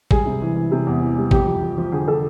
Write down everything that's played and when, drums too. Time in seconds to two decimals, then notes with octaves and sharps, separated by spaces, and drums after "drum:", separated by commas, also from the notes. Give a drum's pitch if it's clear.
0.11 G3 G#4, drum: kick
0.26 C3
0.42 E3
0.55 E3
0.71 C3
0.86 E2
1.01 E3
1.17 G3
1.31 F2 G4, drum: kick
1.46 F3
1.62 F3
1.77 F3
1.92 D3 G#4
2.08 F3 A4